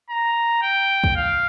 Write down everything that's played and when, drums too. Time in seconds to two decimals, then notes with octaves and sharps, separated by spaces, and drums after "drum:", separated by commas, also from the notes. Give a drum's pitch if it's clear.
0.10 A#5
0.62 G5
1.04 drum: kick
1.16 F5